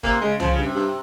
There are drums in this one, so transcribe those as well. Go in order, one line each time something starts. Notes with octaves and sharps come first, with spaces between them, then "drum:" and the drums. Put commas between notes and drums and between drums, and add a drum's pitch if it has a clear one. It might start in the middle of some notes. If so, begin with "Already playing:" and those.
C3 A#3, drum: kick
C#3 G#3
C#3 F3, drum: tom C2
C#3
G2
C3
G2